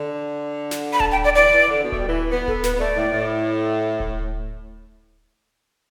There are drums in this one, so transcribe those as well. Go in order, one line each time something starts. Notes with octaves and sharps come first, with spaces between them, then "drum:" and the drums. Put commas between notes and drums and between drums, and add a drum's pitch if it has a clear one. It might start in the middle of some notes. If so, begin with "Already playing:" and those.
Already playing: D3
drum: snare
B5
A5, drum: kick D1
G5
D5
E3 D5
E3
D3
B2
A3, drum: kick D1
G3
E3
B3 B4
A4, drum: kick D1
B4, drum: snare
B3
A3 D5
A2
A2
drum: kick D1